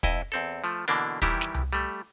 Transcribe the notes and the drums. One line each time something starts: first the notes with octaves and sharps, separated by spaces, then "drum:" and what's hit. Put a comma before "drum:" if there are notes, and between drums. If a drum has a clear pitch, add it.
F2 E4 D#5, drum: kick
E2 C4 A4
F3 A3
B2 D3 E3 A#3 D4
D#3 E3 G3 E4 G4, drum: kick
drum: snare
drum: tom C2
G3 A3